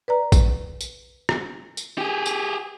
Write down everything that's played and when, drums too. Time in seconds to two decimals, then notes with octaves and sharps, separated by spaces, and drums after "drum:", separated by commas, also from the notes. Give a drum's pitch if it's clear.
0.08 B4 D5 A#5
0.32 drum: kick A1, tambourine
0.81 drum: tambourine
1.29 drum: rim click
1.77 drum: tambourine
1.98 G4 G#4
2.26 drum: tambourine